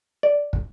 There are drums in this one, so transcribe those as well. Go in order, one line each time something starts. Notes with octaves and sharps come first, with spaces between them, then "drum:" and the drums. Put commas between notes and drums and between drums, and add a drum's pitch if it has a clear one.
D5
drum: kick